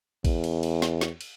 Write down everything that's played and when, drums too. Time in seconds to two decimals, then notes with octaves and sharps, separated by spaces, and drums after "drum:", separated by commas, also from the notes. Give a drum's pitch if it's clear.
0.25 E2, drum: kick, cymbal
0.44 drum: cymbal
0.63 drum: cymbal
0.82 drum: snare
1.01 drum: snare
1.21 drum: cymbal